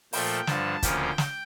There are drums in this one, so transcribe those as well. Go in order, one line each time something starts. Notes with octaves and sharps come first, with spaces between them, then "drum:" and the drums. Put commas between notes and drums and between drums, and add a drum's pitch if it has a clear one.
A#2 F3 A3 G5, drum: open hi-hat
G2 D3 F3 A5, drum: snare
D2 C#3 F3 A#3 C#4 G5, drum: kick, hi-hat
drum: snare